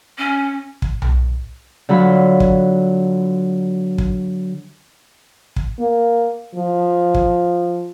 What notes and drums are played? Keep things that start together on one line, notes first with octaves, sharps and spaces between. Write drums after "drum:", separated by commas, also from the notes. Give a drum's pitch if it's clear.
C#4
drum: kick
drum: tom B1
D3 F#3 F4 B5
drum: kick
drum: kick
drum: kick
A#3
F3
drum: kick